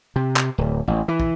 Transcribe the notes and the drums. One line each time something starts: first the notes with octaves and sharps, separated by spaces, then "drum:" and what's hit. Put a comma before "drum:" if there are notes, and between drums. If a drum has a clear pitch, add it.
C3
drum: clap
D1
A1
E3
drum: kick